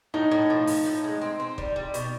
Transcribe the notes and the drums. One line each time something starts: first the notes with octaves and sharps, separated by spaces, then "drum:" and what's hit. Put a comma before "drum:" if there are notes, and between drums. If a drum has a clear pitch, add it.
A2 D#4
A2
F3
F3, drum: open hi-hat
A2
G#3
C4
C4
G3, drum: kick
G3
B2, drum: hi-hat